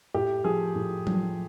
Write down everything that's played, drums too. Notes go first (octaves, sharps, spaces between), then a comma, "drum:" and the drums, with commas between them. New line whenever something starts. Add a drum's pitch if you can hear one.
A2 G4
F3 G#4
A2
F3, drum: tom F#3